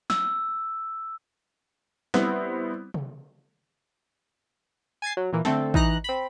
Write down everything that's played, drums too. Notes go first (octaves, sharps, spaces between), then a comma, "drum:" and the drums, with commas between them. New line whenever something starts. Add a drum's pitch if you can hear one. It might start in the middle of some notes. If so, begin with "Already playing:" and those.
E6, drum: snare
G3 B3 C4 E4, drum: snare
drum: tom C3
G#5 G#6 A6 C7
F#3
A#2 E3 A#3
D3 A3 C4 A4, drum: snare
E3 D#4 A#5 F#6, drum: kick A1
C4 B5